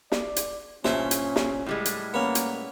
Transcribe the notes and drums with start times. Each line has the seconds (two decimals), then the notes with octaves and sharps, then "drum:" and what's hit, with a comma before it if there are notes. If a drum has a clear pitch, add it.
0.12 D5, drum: snare
0.36 drum: hi-hat
0.84 G2 A#2 C#4 C5 E5 A5, drum: snare
1.11 drum: hi-hat
1.36 drum: snare
1.66 A2 G3 G#3
1.85 drum: hi-hat
2.14 A#3 B3 C#4
2.35 drum: hi-hat